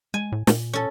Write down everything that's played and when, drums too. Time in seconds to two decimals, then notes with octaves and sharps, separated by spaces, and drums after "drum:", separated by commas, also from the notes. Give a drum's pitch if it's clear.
0.14 G#3 G#5
0.32 A2
0.47 A#2, drum: snare
0.73 C#4 A4